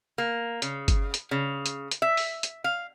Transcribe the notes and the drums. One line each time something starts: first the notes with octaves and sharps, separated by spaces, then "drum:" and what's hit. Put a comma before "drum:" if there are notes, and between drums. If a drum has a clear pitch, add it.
A#3
C#3, drum: hi-hat
drum: kick G1, hi-hat
drum: hi-hat
C#3
drum: hi-hat
drum: hi-hat
E5
drum: open hi-hat
drum: hi-hat
F5